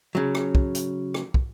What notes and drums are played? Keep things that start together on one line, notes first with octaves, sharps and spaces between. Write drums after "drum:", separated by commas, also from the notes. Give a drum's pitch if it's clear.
C#3 F#3
drum: rim click
drum: kick
drum: hi-hat
drum: rim click
drum: kick